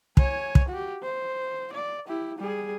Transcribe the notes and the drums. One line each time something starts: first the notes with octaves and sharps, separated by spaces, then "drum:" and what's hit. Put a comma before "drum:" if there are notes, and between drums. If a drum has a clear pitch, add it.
C#5 G#5, drum: kick
drum: kick
F#4 G4
C5
D5
E4 G4
G3 G#4